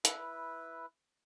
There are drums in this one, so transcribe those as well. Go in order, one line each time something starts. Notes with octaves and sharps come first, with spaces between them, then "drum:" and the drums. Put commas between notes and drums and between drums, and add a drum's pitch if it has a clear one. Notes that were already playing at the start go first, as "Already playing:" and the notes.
E4 B4, drum: hi-hat